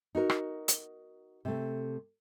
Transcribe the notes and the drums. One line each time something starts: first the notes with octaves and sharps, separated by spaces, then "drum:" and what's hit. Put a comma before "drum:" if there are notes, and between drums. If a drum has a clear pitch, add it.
D#4 F#4 A#4
drum: rim click
drum: hi-hat
C3 A3